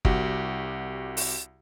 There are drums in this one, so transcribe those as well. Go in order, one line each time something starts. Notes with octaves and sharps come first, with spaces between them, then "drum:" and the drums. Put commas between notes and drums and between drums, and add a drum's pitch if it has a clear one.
C2 F#4 G4, drum: kick
drum: open hi-hat